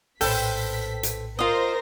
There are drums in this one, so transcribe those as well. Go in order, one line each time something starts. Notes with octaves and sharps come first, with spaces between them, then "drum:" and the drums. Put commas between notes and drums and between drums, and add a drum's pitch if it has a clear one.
A#1 A2 A4 B4 C5 G5 B6, drum: open hi-hat
drum: hi-hat
F4 A#4 C5 D#5 A#6